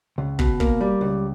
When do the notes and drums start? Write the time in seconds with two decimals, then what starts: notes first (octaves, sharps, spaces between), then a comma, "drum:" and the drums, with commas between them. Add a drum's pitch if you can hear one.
0.18 C#2
0.39 B2, drum: kick
0.60 A#3, drum: kick
0.81 G3
1.01 C#2